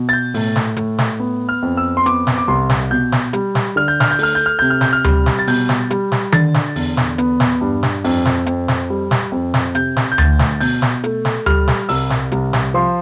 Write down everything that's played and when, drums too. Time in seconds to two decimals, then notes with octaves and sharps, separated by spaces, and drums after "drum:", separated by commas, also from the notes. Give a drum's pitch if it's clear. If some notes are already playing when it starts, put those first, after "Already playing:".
Already playing: B2
0.09 A6
0.13 G6
0.34 A2, drum: open hi-hat
0.56 drum: snare
0.77 A2, drum: hi-hat
0.98 drum: snare
1.20 B3
1.49 F6
1.62 F2
1.77 E6
1.97 C6
2.06 B3 D6, drum: hi-hat
2.27 drum: snare
2.38 D6
2.48 C2 C6
2.70 drum: snare
2.91 B2 G6
3.12 drum: snare
3.33 G3, drum: hi-hat
3.55 drum: snare
3.76 D3 F6
3.88 G6
4.00 F6, drum: snare
4.11 G6
4.19 A3 F6, drum: open hi-hat
4.35 G6
4.46 F6
4.59 C3 G6
4.70 F6
4.81 G6, drum: snare
4.93 F6
5.04 G3, drum: tom D2
5.26 drum: snare
5.39 A6
5.47 B2 G6, drum: open hi-hat
5.69 drum: snare
5.91 G3, drum: hi-hat
6.12 drum: snare
6.32 D3 A6, drum: tom D#3
6.54 drum: snare
6.76 E2, drum: open hi-hat
6.97 drum: snare
7.18 B3, drum: hi-hat
7.40 drum: snare
7.61 G2
7.83 drum: snare
8.04 F2, drum: open hi-hat
8.25 drum: snare
8.46 F2, drum: hi-hat
8.68 drum: snare
8.90 G3
9.11 drum: snare
9.32 F2
9.54 drum: snare
9.75 C3 G6, drum: hi-hat
9.96 drum: snare
10.12 G6
10.18 D2 A6, drum: tom D2
10.39 drum: snare
10.60 B2 G6, drum: open hi-hat
10.82 drum: snare
11.04 A3, drum: hi-hat
11.25 drum: snare
11.46 G3 F6, drum: tom D2
11.68 drum: snare
11.89 C2 E6, drum: open hi-hat
12.10 drum: snare
12.32 C2, drum: hi-hat
12.53 drum: snare
12.74 F3 C6